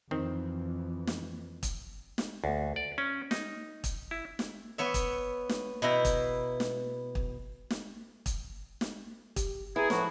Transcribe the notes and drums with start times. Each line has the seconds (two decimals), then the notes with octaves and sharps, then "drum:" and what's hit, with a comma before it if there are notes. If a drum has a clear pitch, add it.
0.11 F2 D#3 E3 C4
1.07 drum: snare
1.63 drum: kick, hi-hat
2.18 drum: snare
2.44 D2
2.76 D5
2.98 C#4
3.31 D#4, drum: snare
3.84 drum: kick, hi-hat
4.11 E4
4.39 drum: snare
4.78 B3 C#5 E5
4.94 drum: kick, hi-hat
5.49 drum: snare
5.82 B2 E4 G5 A#5
6.05 drum: kick, hi-hat
6.60 drum: snare
7.15 drum: kick
7.70 drum: snare
8.26 drum: kick, hi-hat
8.81 drum: snare
9.36 G4, drum: kick, hi-hat
9.76 E4 G#4 B4 A#5
9.90 A2 F3 F#4, drum: snare